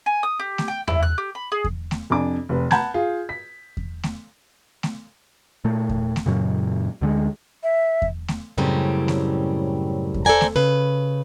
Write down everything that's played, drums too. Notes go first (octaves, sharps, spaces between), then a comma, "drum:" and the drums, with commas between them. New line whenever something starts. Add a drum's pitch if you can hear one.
G#5
D#6
G4
drum: snare A3
G5
E4, drum: tom E2
F#6
G4
B5
G#4
drum: kick E2
drum: snare A3
F2 C3 D4 G#5 D6
F1 C3 B4
F#5 A5 B5 G6 G#6, drum: snare A3
F4 G#4
B6
drum: kick E2
drum: snare A3
drum: snare A3
A#2 A3
drum: kick E2
drum: snare A3
F#2 A#2 C#3 F#3
D2 D3 G#3
E5
drum: kick E2
drum: snare A3
F#2 A2 C#3 G3 C4
drum: snare A3
drum: kick E2
A4 C5 D5 G#5 A#5
drum: snare A3
C#3 B4